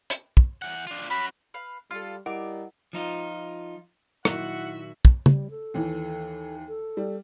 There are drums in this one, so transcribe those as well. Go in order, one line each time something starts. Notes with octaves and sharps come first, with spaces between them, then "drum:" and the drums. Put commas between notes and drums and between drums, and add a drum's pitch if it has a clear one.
drum: hi-hat
drum: kick
E3 F#5
D4 F4
C#4 F#4 B5
B4 F5
G3 F4 A4 F6
G3 E4 A#4 D#5 F#5 D6
F3 D#4 F4
A#2 D#3 F#3 E4 F#4 E5 F#5, drum: rim click
drum: kick
G3, drum: tom C#3
A4
D#2 E3
A4
G3